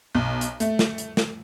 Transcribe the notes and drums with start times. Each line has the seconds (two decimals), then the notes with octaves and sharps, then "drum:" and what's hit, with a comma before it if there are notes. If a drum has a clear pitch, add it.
0.15 B1
0.41 drum: hi-hat
0.60 A3, drum: hi-hat
0.79 drum: snare
0.98 drum: hi-hat
1.17 drum: snare